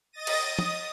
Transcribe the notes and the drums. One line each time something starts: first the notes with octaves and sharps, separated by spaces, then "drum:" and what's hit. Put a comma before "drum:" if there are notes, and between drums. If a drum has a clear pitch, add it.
D#5 D#6 A6 A#6 D#7
drum: cymbal
D#6
drum: tom